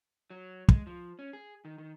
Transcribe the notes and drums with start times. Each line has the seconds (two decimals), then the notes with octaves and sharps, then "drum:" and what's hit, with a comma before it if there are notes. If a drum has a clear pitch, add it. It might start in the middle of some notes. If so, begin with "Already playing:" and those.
0.30 F#3
0.68 G#3, drum: kick
0.87 F3
1.19 C#4
1.33 G#4
1.65 D#3
1.78 D#3